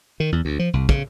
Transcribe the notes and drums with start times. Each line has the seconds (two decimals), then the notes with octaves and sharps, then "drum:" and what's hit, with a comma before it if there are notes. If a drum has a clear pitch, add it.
0.20 D#3
0.32 E2
0.45 D2
0.59 F3
0.73 C2
0.89 C#3, drum: kick